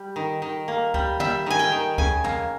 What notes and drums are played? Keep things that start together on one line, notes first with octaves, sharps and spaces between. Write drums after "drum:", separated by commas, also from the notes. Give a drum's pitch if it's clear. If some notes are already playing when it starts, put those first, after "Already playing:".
Already playing: G3
D#3
D#3
A#3
G3, drum: kick C#2
G3 E5, drum: tom
D#3 G#5
G5
D#3
C#3 G#5, drum: kick C#2
A#3, drum: tom